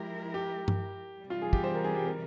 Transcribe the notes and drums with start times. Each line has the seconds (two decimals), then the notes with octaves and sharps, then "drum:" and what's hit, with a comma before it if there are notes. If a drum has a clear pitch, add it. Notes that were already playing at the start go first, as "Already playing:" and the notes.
Already playing: F3 G#3 E4 G4 A#4
0.34 G4
0.68 drum: tom G2
1.20 C3 E3 G3
1.30 F4
1.42 G#4
1.53 G4, drum: kick
1.64 C5
1.74 A#4
1.84 G#4
1.95 G4
2.06 A#4